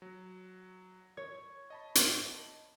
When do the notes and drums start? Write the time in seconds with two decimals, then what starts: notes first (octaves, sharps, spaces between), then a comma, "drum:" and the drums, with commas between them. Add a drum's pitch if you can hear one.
0.02 F#3
1.17 C#5 G#6
1.70 D#5 A5 B5
1.95 drum: hi-hat